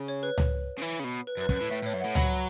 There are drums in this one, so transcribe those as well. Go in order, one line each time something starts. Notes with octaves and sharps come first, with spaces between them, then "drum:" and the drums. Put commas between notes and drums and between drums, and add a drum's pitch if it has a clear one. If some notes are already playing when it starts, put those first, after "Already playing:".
Already playing: C#3
C#5
B4
drum: tom C#2
C#3
E3
C#3
B2
B4
F#2
B4
F#2, drum: kick
A2 B4
A2 E5
A2 C#5
F#2
A2 F#5
F#3 F#5 B5, drum: tom C#2